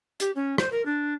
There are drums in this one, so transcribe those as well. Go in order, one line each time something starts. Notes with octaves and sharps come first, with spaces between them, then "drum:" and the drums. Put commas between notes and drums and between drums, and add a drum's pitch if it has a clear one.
G4, drum: hi-hat
C#4
C5, drum: rim click
A#4
D4